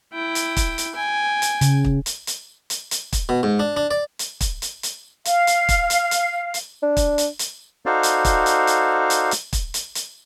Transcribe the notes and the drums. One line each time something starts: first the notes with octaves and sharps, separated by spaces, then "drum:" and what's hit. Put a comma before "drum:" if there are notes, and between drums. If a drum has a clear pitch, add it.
E4 G5
drum: hi-hat
drum: kick, hi-hat
drum: hi-hat
G5 G#5
drum: hi-hat
C#3, drum: hi-hat
drum: kick
drum: hi-hat
drum: hi-hat
drum: hi-hat
drum: hi-hat
drum: kick, hi-hat
B2
G#2
D4
D4
D5
drum: hi-hat
drum: kick, hi-hat
drum: hi-hat
drum: hi-hat
F5, drum: hi-hat
drum: hi-hat
drum: kick, hi-hat
drum: hi-hat
drum: hi-hat
drum: hi-hat
D4
drum: kick, hi-hat
drum: hi-hat
drum: hi-hat
D#4 F#4 A4 C5 D5 F5
drum: hi-hat
drum: kick, hi-hat
drum: hi-hat
drum: hi-hat
drum: hi-hat
drum: hi-hat
drum: kick, hi-hat
drum: hi-hat
drum: hi-hat